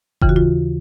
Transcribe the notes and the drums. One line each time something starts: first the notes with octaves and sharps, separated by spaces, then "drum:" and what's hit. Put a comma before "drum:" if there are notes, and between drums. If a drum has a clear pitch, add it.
D#2 C#3 E3 F4, drum: kick F#1
F#4
F4